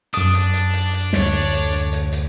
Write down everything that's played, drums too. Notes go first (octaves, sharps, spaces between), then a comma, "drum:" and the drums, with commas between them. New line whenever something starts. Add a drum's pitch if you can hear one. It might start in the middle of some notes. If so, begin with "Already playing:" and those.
F#2 D4 D#6, drum: hi-hat
drum: hi-hat
drum: hi-hat
drum: hi-hat
drum: hi-hat
D2 C#5, drum: snare
drum: hi-hat
drum: hi-hat
drum: hi-hat
drum: hi-hat
drum: hi-hat